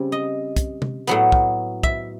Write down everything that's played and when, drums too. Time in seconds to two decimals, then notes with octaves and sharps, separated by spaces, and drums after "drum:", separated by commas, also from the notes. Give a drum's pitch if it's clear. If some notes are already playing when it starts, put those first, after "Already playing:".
Already playing: C#3 G3 C4
0.12 D#5
0.57 drum: kick, hi-hat
0.82 drum: tom C3
1.07 A2 F#3 B3, drum: hi-hat
1.32 drum: kick
1.83 E5, drum: kick